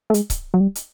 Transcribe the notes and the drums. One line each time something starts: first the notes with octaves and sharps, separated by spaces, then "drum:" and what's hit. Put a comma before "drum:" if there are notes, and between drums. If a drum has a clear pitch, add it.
A3
G#3, drum: hi-hat
drum: kick C#1, hi-hat
F#3
G3
drum: hi-hat